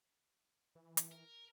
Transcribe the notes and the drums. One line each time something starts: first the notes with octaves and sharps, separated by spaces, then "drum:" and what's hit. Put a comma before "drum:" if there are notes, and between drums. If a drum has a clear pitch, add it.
E3
drum: hi-hat
A#4